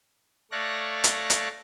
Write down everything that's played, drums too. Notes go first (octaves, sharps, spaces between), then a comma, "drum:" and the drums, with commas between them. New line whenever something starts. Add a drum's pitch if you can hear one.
A3 C#5 D5 F5 F#6 A#6
drum: hi-hat
drum: hi-hat